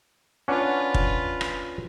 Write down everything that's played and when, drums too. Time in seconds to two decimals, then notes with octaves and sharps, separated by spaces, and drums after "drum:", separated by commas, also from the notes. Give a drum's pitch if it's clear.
0.48 C#4 D4 F4 B4 F#5
0.94 drum: kick
1.41 drum: rim click